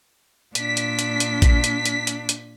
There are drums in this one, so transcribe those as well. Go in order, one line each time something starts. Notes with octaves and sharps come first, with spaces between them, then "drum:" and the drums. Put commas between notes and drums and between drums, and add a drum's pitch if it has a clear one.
A#2 D4 B6, drum: hi-hat
drum: hi-hat
drum: hi-hat
drum: hi-hat
drum: kick A1, hi-hat
drum: hi-hat
drum: hi-hat
drum: hi-hat
drum: hi-hat